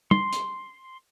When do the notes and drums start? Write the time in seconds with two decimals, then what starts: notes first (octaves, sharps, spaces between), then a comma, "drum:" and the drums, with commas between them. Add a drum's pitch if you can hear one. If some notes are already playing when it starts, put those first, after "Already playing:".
0.11 C6, drum: tom
0.33 drum: hi-hat